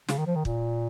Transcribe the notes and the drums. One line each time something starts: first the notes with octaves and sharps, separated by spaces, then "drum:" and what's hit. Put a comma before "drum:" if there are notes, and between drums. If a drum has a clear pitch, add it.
C#3, drum: snare
D#3
F3
D#3
A#2, drum: kick